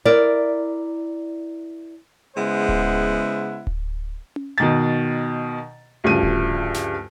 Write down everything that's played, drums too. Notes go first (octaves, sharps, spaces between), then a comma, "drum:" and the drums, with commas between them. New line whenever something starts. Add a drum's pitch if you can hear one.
E4 A#4 D5
C#3 G#3 B3 E4 C5 F#5
drum: kick D1
drum: kick D1
drum: tom C#4
B2 D#3 A6
D2 G2 C#3 F3 D#7
drum: kick D1
drum: snare